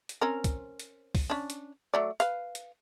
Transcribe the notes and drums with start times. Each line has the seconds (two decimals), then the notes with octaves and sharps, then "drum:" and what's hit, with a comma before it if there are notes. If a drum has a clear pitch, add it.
0.09 drum: hi-hat
0.21 C4 C#4 A#4
0.44 drum: kick, hi-hat
0.79 drum: hi-hat
1.15 drum: kick, open hi-hat
1.30 C#4 D4
1.50 drum: hi-hat
1.94 F#3 A3 D5
2.20 B4 F5, drum: hi-hat
2.55 drum: hi-hat